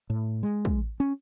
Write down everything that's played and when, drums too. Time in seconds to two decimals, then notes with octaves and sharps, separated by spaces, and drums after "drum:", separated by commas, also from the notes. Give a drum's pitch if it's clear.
0.10 A2
0.43 G#3
0.65 drum: kick
1.00 C#4